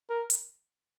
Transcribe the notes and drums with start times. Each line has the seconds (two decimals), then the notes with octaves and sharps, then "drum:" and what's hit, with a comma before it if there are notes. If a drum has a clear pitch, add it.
0.10 A#4
0.30 drum: hi-hat